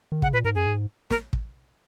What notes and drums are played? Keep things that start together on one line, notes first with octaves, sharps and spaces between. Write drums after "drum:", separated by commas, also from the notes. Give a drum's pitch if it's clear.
D#3
C#3 F#5, drum: kick
A#2 B4
G#2 A#4
F#2 G#4
G#2
A#4, drum: snare
drum: kick